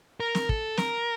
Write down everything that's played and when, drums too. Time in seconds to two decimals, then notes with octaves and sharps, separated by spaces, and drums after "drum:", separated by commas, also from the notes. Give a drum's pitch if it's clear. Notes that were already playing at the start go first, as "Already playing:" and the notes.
0.20 A#4
0.35 drum: snare
0.49 A4, drum: kick
0.77 A#4, drum: snare